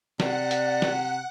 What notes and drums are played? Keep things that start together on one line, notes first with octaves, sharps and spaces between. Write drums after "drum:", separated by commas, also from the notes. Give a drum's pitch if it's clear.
C3 D5 F#5 F#6, drum: snare
drum: hi-hat
drum: snare